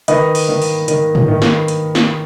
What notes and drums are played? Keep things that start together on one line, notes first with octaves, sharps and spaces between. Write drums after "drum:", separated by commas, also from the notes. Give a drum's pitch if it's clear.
D#3 B4 D#5, drum: hi-hat
drum: open hi-hat
D#3
drum: open hi-hat
D#3, drum: hi-hat
drum: tom
D#3
drum: snare
drum: hi-hat
drum: snare